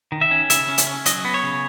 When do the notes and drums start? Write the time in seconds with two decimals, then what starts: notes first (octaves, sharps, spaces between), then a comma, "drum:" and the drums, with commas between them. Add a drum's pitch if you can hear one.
0.12 D#3
0.21 E5
0.31 C#4
0.50 C#3 E5, drum: hi-hat
0.68 C#4
0.78 drum: hi-hat
0.87 C#4
1.06 F#3 D#5, drum: hi-hat
1.25 B3
1.34 C#5
1.43 C#3